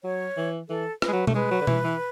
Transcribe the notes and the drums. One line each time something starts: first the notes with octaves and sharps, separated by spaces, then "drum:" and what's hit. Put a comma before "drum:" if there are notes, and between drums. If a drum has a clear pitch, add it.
F#3 C#5
E3
E3 A4
B4, drum: rim click
G#3
F#3
A3, drum: tom B2
G#3 B4
F#3
D3
E3, drum: tom B2
E3